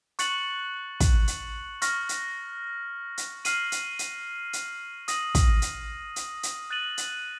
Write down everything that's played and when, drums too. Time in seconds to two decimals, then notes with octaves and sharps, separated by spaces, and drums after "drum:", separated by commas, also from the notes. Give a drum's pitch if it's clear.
0.19 C#6 F#6 A6 C#7 F#7, drum: hi-hat
1.00 drum: kick, hi-hat
1.28 drum: hi-hat
1.82 C#6 F6 A#6, drum: hi-hat
2.09 drum: hi-hat
3.18 drum: hi-hat
3.45 F6 C7 D#7 F#7, drum: hi-hat
3.72 drum: hi-hat
3.99 drum: hi-hat
4.53 drum: hi-hat
5.08 D#6 A#6 D#7 F#7, drum: hi-hat
5.35 drum: kick, hi-hat
5.62 drum: hi-hat
6.16 drum: hi-hat
6.43 drum: hi-hat
6.70 F#6 A6 D#7 F#7
6.97 drum: hi-hat